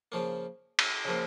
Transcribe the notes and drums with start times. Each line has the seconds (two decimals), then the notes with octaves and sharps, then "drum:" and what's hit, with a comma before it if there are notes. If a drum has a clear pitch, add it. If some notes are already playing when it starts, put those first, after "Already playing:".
0.12 C#3 F3 A#3
0.79 drum: cymbal
1.05 C#3 F3 A#3